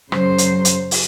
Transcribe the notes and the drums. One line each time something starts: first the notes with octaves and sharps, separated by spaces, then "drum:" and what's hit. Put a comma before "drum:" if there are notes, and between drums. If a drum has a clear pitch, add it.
F#2 C#3 F#3 C5, drum: rim click
drum: hi-hat
drum: hi-hat
drum: open hi-hat